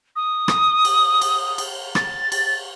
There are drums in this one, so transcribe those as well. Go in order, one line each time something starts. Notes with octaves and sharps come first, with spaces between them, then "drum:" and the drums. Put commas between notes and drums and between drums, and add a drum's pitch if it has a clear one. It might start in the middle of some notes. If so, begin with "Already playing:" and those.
D#6
drum: rim click
drum: cymbal
drum: cymbal
drum: cymbal
A6, drum: rim click
drum: cymbal